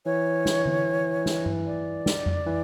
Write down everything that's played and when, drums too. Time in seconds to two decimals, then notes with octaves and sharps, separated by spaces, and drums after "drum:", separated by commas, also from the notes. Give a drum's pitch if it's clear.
0.05 E3 C#5
0.45 drum: snare
0.66 drum: tom D3
1.26 drum: snare
1.46 drum: tom G2
1.66 D5
2.06 drum: snare
2.26 drum: tom F2
2.46 E3